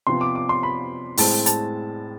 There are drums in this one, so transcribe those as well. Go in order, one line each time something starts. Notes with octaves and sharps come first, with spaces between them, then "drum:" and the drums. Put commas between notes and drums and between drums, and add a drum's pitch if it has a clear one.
C3 F3 B3 C6
D6
D6
C6
B5
A2 G#3 C4 A5, drum: open hi-hat
A5, drum: hi-hat